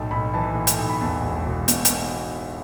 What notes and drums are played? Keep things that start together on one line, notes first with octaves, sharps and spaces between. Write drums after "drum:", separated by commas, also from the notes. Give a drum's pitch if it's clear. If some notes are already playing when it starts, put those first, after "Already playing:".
Already playing: B1 A2 A5
B1 B5
E3 A5
A2
drum: hi-hat
B1
B5
E2 A5
E1
E1
B2, drum: hi-hat
drum: hi-hat